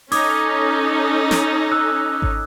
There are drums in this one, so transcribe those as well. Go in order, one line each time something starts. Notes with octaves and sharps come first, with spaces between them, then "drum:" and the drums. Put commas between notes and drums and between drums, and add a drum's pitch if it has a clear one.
C#4 D#4 A4 D6 D#6 G#6, drum: open hi-hat
drum: snare
E6 F#6
drum: kick G#1